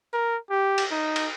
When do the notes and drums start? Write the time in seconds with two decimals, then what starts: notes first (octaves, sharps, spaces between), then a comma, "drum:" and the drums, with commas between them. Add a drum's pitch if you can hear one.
0.13 A#4
0.50 G4
0.78 drum: cymbal
0.91 D#4
1.16 drum: cymbal